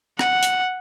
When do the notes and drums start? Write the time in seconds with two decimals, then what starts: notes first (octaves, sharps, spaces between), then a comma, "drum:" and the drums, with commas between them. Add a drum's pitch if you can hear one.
0.19 F#5, drum: rim click
0.43 drum: hi-hat